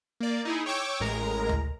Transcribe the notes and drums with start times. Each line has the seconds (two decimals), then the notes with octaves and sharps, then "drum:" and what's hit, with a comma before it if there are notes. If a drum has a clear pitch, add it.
0.20 A#3 D5
0.45 D#4 E4 G#4
0.66 C#5 G5 C#6 D6 E6
1.00 A1 A2 G#3 A#4 A#5
1.49 drum: tom D2